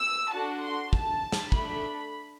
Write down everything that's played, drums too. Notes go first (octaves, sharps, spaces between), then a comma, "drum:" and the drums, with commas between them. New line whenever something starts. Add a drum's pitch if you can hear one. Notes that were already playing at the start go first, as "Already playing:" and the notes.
Already playing: E6
D4 F#4 A4 A5
C6
A5, drum: kick
drum: snare
A3 D4 A4 B5, drum: kick